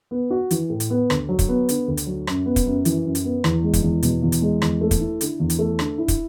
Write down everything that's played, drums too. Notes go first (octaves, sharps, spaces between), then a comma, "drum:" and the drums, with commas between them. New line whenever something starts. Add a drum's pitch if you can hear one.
B3
F#4
E3, drum: hi-hat
A2
drum: hi-hat
B3
D2, drum: rim click
F#3
drum: kick, hi-hat
B3
D3, drum: hi-hat
D2
drum: hi-hat
F#3
F#2, drum: rim click
B3
drum: kick, hi-hat
F#2
E3, drum: hi-hat
F#2
drum: hi-hat
B3
E2, drum: rim click
G#3
drum: kick, hi-hat
E2
B2, drum: hi-hat
E2
drum: hi-hat
G#3
E2, drum: rim click
A3
drum: kick, hi-hat
E4
D3, drum: hi-hat
E2
drum: hi-hat
A3
D3, drum: rim click
E4
drum: kick, hi-hat